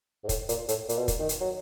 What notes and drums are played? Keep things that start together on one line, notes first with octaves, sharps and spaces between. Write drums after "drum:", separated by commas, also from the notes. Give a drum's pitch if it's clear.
G#2
A2, drum: kick, hi-hat
A#2, drum: hi-hat
A2, drum: hi-hat
A#2, drum: hi-hat
B2
A#2, drum: kick, hi-hat
D#3
drum: hi-hat
F#3